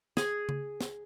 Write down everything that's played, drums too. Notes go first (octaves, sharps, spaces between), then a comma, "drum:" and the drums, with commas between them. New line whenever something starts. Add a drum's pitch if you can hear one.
G#4, drum: snare
drum: tom C#3
drum: snare